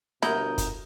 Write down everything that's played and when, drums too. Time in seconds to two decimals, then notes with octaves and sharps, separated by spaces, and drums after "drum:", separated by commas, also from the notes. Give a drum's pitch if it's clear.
0.22 G1 B2 E4 F#4 A#4 A#5 D#6 G6, drum: snare
0.58 drum: kick, hi-hat